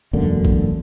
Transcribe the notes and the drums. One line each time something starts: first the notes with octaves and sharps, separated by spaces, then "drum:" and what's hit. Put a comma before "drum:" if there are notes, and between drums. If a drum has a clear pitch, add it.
E1 F#2 D3 A#3
drum: kick